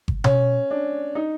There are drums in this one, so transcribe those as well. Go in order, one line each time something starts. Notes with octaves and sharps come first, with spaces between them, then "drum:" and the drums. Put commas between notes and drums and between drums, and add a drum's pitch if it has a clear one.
drum: kick G1
C#4, drum: tom B2
D4
D#4